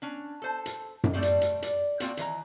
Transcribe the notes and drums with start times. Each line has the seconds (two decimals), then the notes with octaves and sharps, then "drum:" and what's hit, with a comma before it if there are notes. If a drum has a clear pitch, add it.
0.02 C#4 D4
0.42 A4 C5 A5
0.66 drum: hi-hat
1.04 drum: tom F#2
1.13 G3 A3 C4 D5
1.23 drum: hi-hat
1.41 drum: hi-hat
1.62 D5, drum: hi-hat
2.00 A#3 C4 F4 F#4 D5 G5, drum: hi-hat
2.17 D#3 E3 B4 A#5, drum: hi-hat